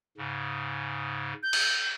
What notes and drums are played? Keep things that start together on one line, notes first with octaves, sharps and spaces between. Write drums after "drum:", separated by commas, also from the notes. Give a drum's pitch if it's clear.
G#2 C#3
G6
drum: cymbal